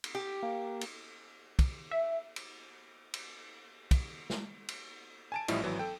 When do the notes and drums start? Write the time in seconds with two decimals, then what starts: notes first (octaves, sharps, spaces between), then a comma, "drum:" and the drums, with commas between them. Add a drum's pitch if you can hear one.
0.04 drum: cymbal
0.15 G4
0.43 A#3
0.81 drum: cymbal
1.59 drum: kick, cymbal
1.91 E5
2.36 drum: cymbal
3.14 drum: cymbal
3.91 drum: kick, cymbal
4.30 drum: snare
4.69 drum: cymbal
5.32 G#5 A5 D7
5.48 A1 A2 F3 G3 E4 D#5, drum: cymbal
5.63 G#1 E3 F#3
5.79 A4 G5